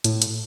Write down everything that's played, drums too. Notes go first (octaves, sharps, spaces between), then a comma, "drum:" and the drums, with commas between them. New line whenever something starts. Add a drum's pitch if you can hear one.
A2, drum: hi-hat
drum: hi-hat